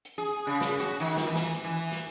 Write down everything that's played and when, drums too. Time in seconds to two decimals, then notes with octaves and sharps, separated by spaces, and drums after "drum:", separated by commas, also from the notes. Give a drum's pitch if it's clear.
0.05 drum: hi-hat
0.18 G#4
0.47 C#3
0.61 drum: snare
0.80 F#4, drum: hi-hat
1.00 D#3, drum: hi-hat
1.17 drum: snare
1.26 E3
1.36 drum: snare
1.54 drum: hi-hat
1.64 E3
1.92 drum: snare